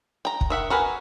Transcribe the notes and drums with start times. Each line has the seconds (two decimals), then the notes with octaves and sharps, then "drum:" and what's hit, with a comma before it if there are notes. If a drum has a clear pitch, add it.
0.25 G5 A#5
0.41 drum: kick
0.50 D#3 E5 F#5
0.70 F#4 A#4 B4 G#5